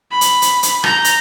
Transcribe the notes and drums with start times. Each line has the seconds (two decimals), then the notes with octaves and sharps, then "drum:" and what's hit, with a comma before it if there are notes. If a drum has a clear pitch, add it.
0.12 B5
0.21 drum: hi-hat
0.42 drum: hi-hat
0.63 drum: hi-hat
0.84 A#5 G6, drum: rim click
1.04 drum: hi-hat